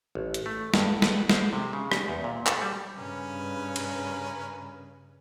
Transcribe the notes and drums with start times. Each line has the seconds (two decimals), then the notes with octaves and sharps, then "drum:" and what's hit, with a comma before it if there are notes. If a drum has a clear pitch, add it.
0.15 A1
0.34 drum: hi-hat
0.46 A3
0.74 G2, drum: snare
1.02 B4, drum: snare
1.29 C5, drum: snare
1.53 C3
1.73 C#3
1.92 D#4, drum: rim click
2.08 E2
2.24 A#2
2.47 A4, drum: clap
2.62 G3
2.97 G2 C#3 C#4 A#4 B4
3.76 drum: cymbal